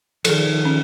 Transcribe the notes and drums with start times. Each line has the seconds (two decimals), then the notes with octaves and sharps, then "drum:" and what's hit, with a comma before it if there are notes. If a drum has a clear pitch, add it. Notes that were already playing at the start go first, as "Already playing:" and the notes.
0.25 D#3 F3 G#4 A4, drum: cymbal
0.65 C#4